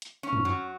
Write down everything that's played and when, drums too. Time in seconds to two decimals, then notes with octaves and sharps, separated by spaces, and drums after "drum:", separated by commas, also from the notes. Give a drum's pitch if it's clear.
0.02 drum: hi-hat
0.23 C#4
0.33 drum: tom
0.45 F#3